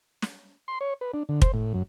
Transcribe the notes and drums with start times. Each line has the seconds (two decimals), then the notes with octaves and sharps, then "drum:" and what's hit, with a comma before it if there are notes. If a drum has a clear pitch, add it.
0.22 drum: snare
0.68 C6
0.81 C#5
1.01 B4
1.14 D4
1.29 D3
1.42 C5, drum: kick
1.54 A2
1.74 F#2